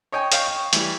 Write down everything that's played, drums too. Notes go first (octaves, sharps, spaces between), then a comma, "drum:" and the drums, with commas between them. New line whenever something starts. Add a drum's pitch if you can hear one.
C#5 D#5 G5 G#5
C#5 D#5 F5 G5, drum: hi-hat
C#6
E3 G3, drum: hi-hat